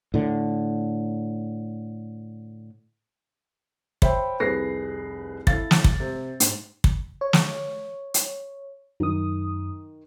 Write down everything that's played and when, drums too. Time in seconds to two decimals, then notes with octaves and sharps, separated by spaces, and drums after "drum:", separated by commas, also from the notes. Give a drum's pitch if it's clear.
0.14 A2 D3
4.02 C5 C#5 E5 G5 B5, drum: kick
4.40 F1 C2 G#4 B4 A#6 C7
5.47 E4 A4 F5 A6, drum: kick
5.71 drum: snare
5.84 drum: kick
6.00 C3
6.40 G#2, drum: hi-hat
6.84 drum: kick
7.21 C#5
7.33 drum: snare
8.14 drum: hi-hat
9.00 F#2 D#3 D#6